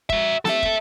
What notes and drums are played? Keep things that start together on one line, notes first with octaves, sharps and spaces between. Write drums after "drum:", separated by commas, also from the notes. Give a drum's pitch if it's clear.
F#4 E5, drum: kick
A4 E5, drum: snare
drum: kick